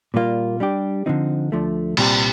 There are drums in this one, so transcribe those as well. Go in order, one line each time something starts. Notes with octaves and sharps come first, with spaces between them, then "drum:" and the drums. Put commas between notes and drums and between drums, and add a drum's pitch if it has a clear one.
A#2 G3 A#3 F4
G3 D4 G4
D3 F3 C4 D#4
D2 D3 F3 A3
C2 A#2 G3 C4 G4, drum: cymbal